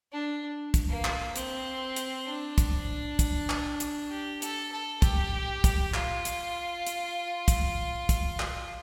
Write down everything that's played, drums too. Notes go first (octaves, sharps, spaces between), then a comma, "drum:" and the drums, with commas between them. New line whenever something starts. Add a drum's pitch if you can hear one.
D4
drum: kick, hi-hat
A#3
drum: clap
C4, drum: hi-hat
drum: hi-hat
D4
drum: kick, hi-hat
drum: kick, hi-hat
drum: clap
drum: hi-hat
G4
A4, drum: hi-hat
A4
G4, drum: kick, hi-hat
drum: kick, hi-hat
F4, drum: clap
drum: hi-hat
drum: hi-hat
drum: kick, hi-hat
drum: kick, hi-hat
drum: clap